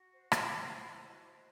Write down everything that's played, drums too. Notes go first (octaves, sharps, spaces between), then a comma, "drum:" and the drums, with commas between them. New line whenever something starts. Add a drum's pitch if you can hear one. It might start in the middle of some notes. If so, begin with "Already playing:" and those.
Already playing: F#4
C5
C5, drum: rim click
C5
E4 G5 B5
F#5 A5
E4
F#5 A5
F#4 D#5
C5